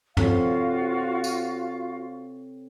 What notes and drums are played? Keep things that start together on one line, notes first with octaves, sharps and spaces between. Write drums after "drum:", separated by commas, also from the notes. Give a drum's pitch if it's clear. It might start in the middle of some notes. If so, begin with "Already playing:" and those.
C4 F4 F#4 A4 C#5 F5, drum: tom
drum: tambourine